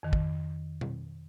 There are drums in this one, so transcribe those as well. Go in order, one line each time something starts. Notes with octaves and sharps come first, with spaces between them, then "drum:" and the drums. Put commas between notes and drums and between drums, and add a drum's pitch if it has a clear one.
F2 D#3
drum: kick
drum: tom B2